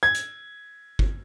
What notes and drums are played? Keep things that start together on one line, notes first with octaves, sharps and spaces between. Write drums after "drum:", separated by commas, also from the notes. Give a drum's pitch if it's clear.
G#6
drum: hi-hat
drum: kick G1